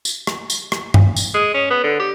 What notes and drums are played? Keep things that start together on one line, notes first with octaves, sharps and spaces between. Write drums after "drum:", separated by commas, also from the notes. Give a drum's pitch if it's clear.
drum: tambourine
drum: rim click
drum: tambourine
drum: rim click
drum: tom G2
drum: tambourine
G#3
C#4
B3
D3
G4